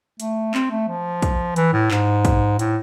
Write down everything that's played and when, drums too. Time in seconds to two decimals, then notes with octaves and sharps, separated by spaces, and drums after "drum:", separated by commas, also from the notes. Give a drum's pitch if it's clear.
0.20 A3, drum: hi-hat
0.54 C4, drum: clap
0.71 A3
0.88 F3
1.22 drum: kick, hi-hat
1.56 E3, drum: hi-hat
1.73 A2
1.91 G#2, drum: clap
2.25 drum: kick, hi-hat
2.59 A2, drum: hi-hat